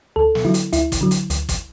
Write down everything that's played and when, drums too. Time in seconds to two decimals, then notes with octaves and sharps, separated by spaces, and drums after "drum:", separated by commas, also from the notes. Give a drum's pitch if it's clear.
0.16 D2 A4
0.35 drum: snare
0.45 D3 F#3 E4
0.54 drum: hi-hat
0.73 D2 E4, drum: hi-hat
0.92 drum: kick, hi-hat
1.01 D3 F#3
1.11 drum: hi-hat
1.30 D2, drum: hi-hat
1.49 drum: kick, hi-hat